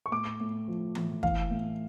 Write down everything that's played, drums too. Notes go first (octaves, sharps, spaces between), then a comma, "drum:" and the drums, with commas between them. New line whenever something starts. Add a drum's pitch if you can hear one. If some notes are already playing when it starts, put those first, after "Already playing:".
C#6
A2 D6
A2
F3
A2, drum: tom E3
E3 F5, drum: kick
A2